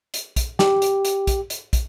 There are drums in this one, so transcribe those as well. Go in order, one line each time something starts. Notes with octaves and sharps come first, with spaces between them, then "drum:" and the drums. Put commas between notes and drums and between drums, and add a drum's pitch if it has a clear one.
drum: hi-hat
drum: kick, hi-hat
G4, drum: snare
drum: hi-hat
drum: hi-hat
drum: kick, hi-hat
drum: hi-hat
drum: kick, hi-hat